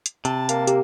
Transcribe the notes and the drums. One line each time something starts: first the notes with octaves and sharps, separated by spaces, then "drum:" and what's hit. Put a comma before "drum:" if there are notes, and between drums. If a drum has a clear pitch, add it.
drum: hi-hat
C3 A5, drum: hi-hat
A#3, drum: hi-hat
G4, drum: hi-hat